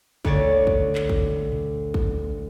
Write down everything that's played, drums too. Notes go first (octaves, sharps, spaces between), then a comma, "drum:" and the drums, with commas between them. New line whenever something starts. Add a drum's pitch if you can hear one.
D2 D3 C#5 D5, drum: kick
drum: kick
drum: clap
drum: kick
drum: tom A#2
drum: kick